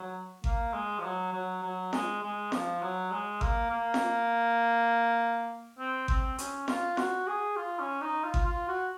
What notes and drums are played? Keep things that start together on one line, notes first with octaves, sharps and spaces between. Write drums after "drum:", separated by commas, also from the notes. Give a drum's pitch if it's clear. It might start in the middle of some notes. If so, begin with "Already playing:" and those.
Already playing: F#3
A#3, drum: kick G#1
G#3
F3
F#3
F#3
F#3
G#3, drum: snare
G#3
F3, drum: snare
F#3
G#3
A#3, drum: kick G#1
A#3
drum: snare
C4
C4, drum: kick G#1
C#4, drum: hi-hat
F4, drum: snare
F#4, drum: snare
G#4
F4
C#4
D#4
F4
drum: kick G#1
F4
F#4